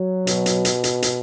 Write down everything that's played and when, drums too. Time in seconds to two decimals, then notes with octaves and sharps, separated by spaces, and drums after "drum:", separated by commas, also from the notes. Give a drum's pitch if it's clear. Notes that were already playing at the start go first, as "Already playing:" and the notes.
Already playing: F#3
0.27 B2, drum: hi-hat
0.46 drum: hi-hat
0.65 drum: hi-hat
0.84 drum: hi-hat
1.02 drum: hi-hat